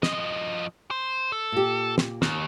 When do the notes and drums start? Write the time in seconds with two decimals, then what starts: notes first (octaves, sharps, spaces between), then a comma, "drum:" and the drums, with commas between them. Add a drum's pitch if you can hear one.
0.03 F3 D#5, drum: snare
0.91 C5
1.32 A4
1.52 A#2 G4
1.98 drum: snare
2.22 D#2, drum: snare